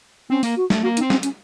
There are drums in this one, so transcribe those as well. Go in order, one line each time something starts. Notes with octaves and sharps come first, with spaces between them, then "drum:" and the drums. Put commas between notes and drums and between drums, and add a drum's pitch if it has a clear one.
C4 C#4
A#3, drum: open hi-hat
F#4
A3, drum: snare
A#3 F#4
D#4, drum: hi-hat
C4
C#4, drum: snare
C#4, drum: hi-hat